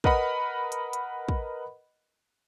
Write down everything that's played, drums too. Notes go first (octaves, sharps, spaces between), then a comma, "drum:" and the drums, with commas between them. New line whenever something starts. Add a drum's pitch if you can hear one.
A#4 B4 D#5 F#5 B5, drum: kick
drum: hi-hat
drum: hi-hat
drum: kick